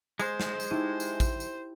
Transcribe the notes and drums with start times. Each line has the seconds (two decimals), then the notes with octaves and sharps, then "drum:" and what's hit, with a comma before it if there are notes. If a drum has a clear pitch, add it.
0.19 G#3 C5, drum: tambourine
0.40 drum: snare
0.60 drum: tambourine
0.71 D#4 E4 G4 A5
1.00 drum: tambourine
1.20 drum: kick, tambourine
1.40 drum: tambourine